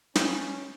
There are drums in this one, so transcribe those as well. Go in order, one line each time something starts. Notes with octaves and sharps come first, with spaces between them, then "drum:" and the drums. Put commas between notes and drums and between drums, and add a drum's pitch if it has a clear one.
C#4, drum: snare